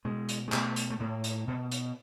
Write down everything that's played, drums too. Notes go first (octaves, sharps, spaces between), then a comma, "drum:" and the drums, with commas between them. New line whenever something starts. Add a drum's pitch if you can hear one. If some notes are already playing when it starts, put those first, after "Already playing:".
B2 G#3
drum: hi-hat
G#3
B2 A3, drum: clap
drum: hi-hat
A3
A2 A#3
drum: hi-hat
B2
drum: hi-hat